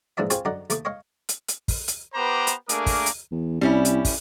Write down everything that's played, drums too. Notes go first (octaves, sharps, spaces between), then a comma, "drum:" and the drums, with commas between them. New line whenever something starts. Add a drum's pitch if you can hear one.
A#1 G#2 E3 D4 D5 E5
C4 F4 G#4 C5 C#5 C6, drum: hi-hat
F#2 D3 D#4 D5 D#5 F#5
D#2 A3 D6 D#6, drum: hi-hat
C#5 D#5 F5 C#6
drum: hi-hat
drum: hi-hat
drum: kick, open hi-hat
drum: hi-hat
B3 G4 B4 C5 A#5 D6
drum: hi-hat
A3 A#3 D4 G#4 A#4 D6, drum: hi-hat
drum: kick, open hi-hat
drum: hi-hat
E2
C2 G3 C#4 E4
drum: hi-hat
drum: kick, open hi-hat